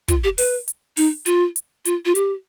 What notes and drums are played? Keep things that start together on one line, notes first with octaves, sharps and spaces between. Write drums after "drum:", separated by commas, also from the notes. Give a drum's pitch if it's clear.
F4, drum: kick, hi-hat
G4
B4, drum: open hi-hat
drum: hi-hat
D#4, drum: open hi-hat
F4, drum: hi-hat
drum: hi-hat
F4, drum: hi-hat
F4
G4, drum: hi-hat